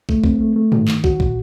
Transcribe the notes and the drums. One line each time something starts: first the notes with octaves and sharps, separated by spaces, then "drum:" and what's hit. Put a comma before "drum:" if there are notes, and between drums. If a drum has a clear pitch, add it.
A3, drum: kick
C4, drum: kick
A3
A3
D#3, drum: tom
D#3, drum: clap
F#4, drum: kick
A#2, drum: kick